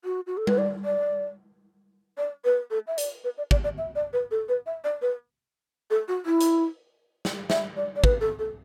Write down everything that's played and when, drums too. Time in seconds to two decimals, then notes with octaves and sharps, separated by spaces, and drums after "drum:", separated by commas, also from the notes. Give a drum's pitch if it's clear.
0.04 F#4
0.27 F#4
0.37 A4
0.47 B4, drum: tom G3
0.58 D5
0.85 D5
2.18 D5
2.45 B4
2.71 A4
2.87 E5
2.98 D5, drum: hi-hat
3.24 B4
3.38 D5
3.51 D5, drum: kick
3.64 D5
3.78 E5
3.95 D5
4.13 B4
4.31 A4
4.48 B4
4.66 E5
4.84 D5
5.02 B4
5.90 A4
6.08 F#4
6.26 E4
6.40 drum: hi-hat
7.25 drum: snare
7.50 E5, drum: snare
7.77 D5
7.96 D5
8.04 B4, drum: kick
8.21 A4
8.39 A4